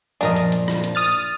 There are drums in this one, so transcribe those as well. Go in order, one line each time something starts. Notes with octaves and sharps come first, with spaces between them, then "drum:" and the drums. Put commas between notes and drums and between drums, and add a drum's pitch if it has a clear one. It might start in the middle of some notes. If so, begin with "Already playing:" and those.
F#2 A#2 F3 D4 A#4 D#5, drum: open hi-hat
drum: open hi-hat
drum: hi-hat
drum: rim click
drum: hi-hat
D#6 F6 A6